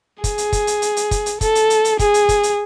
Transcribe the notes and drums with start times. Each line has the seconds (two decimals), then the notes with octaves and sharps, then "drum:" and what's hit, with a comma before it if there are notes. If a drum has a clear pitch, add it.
0.24 G#4, drum: kick, hi-hat
0.38 drum: hi-hat
0.53 drum: kick, hi-hat
0.67 drum: hi-hat
0.82 drum: hi-hat
0.97 drum: hi-hat
1.11 drum: kick, hi-hat
1.26 drum: hi-hat
1.41 A4, drum: kick, hi-hat
1.55 drum: hi-hat
1.70 drum: hi-hat
1.85 drum: hi-hat
1.99 G#4, drum: kick, hi-hat
2.14 drum: hi-hat
2.29 drum: kick, hi-hat
2.43 drum: hi-hat